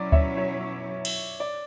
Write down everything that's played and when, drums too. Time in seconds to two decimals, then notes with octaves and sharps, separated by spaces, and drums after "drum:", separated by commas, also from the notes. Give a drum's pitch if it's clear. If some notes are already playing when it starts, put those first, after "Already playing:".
Already playing: B2 F#3 C#4 E4 D5
0.12 C#5 E5, drum: kick D2
0.37 C#5
1.05 drum: cymbal
1.40 D5